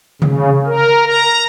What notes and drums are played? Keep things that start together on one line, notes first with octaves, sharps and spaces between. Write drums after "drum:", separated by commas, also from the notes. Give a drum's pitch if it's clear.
C#3, drum: tom C#3
A#4
A#5